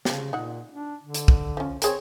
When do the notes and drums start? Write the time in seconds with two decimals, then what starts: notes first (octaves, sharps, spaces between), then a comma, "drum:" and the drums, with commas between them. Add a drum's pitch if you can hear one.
0.05 C#3 F3 G3, drum: snare
0.33 A#2 D#4 F#5
0.71 D4
1.02 D3
1.14 drum: hi-hat
1.28 drum: kick
1.57 F3 C#4
1.82 C4 G#4 A#4 C#5, drum: hi-hat